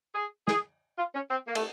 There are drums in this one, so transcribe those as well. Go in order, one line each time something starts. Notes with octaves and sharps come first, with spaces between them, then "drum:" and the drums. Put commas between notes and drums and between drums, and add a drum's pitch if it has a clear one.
G#4
G#4, drum: snare
F4
C#4
C4
A#3
A3, drum: cymbal